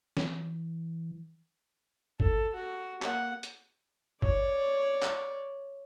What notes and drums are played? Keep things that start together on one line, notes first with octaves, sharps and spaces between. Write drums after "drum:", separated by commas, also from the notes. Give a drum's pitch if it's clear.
E3, drum: snare
A4, drum: kick
F#4
A#3 F#5, drum: clap
drum: hi-hat
C#5 D5, drum: kick
drum: clap